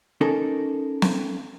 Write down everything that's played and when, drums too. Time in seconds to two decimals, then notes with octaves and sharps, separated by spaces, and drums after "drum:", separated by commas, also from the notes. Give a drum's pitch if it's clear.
0.21 C#4 D#4 A4 A#4
1.02 drum: snare